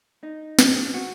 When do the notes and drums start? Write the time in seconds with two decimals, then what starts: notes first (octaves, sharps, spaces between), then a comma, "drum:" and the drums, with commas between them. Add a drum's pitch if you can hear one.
0.23 D#4
0.59 B2 G#3, drum: snare
0.94 F#4